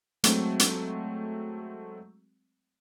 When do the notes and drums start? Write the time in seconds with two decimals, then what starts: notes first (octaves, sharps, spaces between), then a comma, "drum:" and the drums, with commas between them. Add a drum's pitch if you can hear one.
0.24 F#3 G#3 A3 C4 F#4, drum: hi-hat
0.59 drum: hi-hat